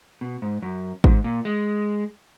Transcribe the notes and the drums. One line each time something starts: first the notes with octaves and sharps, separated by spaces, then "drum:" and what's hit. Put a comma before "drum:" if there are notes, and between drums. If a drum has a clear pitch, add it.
B2
G#2
F#2
G#2, drum: kick G#1
A#2
G#3